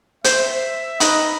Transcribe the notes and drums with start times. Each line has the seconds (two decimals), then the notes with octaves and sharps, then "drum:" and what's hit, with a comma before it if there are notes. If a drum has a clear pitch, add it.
0.24 C5 E5, drum: hi-hat
1.00 D#4 B4 D#5 B5, drum: hi-hat